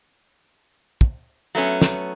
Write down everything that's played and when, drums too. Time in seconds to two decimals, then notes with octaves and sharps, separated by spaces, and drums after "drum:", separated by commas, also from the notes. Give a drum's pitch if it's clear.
1.01 drum: kick
1.55 F#3 A3 B3 C#4
1.81 drum: snare